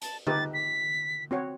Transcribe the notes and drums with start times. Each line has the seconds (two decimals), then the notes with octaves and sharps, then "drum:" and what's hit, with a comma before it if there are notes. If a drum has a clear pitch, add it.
0.02 A5, drum: hi-hat
0.27 D#4 G4 B4 A6, drum: tom D3
0.54 B6
1.31 C4 F#4 C#5